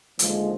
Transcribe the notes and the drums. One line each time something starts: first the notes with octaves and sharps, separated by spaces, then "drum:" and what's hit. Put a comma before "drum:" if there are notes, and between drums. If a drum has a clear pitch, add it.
D#2 D3 F3 G#3, drum: hi-hat